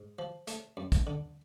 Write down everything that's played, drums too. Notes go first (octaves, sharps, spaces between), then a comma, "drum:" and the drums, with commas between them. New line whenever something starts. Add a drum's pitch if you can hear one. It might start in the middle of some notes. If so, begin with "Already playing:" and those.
Already playing: G#2
F3
A3, drum: hi-hat
F#2
drum: kick, hi-hat
D3